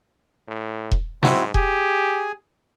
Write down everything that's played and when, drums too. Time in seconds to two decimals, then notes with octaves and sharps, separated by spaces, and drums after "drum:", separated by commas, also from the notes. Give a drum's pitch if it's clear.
0.48 A2
0.91 drum: kick E1
1.23 G#2 C4 E4 F#4, drum: snare
1.54 G4 G#4 G#5, drum: kick E1